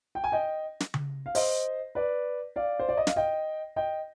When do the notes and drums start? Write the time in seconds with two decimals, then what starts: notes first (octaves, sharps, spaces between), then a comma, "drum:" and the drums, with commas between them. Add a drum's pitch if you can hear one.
0.15 G5
0.24 G#5
0.32 D#5 G5
0.80 drum: snare
0.94 drum: tom C#3
1.26 F5
1.35 C5 D#5, drum: open hi-hat
1.95 B4 D5
2.56 D5 F5
2.79 C5
2.89 D5
2.97 D#5
3.07 F5, drum: snare
3.16 D#5 G5
3.76 D#5 G5